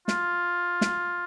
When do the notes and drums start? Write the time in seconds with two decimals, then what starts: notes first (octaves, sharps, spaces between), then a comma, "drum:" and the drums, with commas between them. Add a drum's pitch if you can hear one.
0.08 F4, drum: snare
0.81 drum: snare